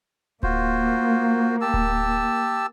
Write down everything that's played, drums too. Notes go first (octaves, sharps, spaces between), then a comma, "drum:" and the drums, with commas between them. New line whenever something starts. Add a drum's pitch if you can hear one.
A#3 F4 F#4 C5, drum: kick D1
G4 A5 E6
drum: kick D1